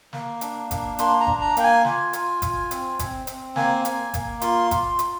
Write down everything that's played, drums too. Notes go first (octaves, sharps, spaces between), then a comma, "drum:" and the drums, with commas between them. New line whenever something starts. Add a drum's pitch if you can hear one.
A#3, drum: snare
D4, drum: hi-hat
A#3, drum: kick G1, hi-hat
A#3 C6, drum: hi-hat
A#5
D4, drum: kick G1
A#5
A#3 G5, drum: hi-hat
G#5
F4, drum: snare
F4, drum: hi-hat
F4, drum: kick G1, hi-hat
C4, drum: hi-hat
C4, drum: kick G1, hi-hat
C4, drum: hi-hat
A#3 G#5, drum: snare
A#3, drum: hi-hat
A#3, drum: kick G1, hi-hat
F4 C6, drum: hi-hat
F4, drum: kick G1, hi-hat
F4, drum: hi-hat